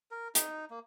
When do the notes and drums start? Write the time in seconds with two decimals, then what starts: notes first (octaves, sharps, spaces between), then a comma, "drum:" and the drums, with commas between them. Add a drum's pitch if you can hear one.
0.11 A#4
0.35 D#4, drum: hi-hat
0.70 A#3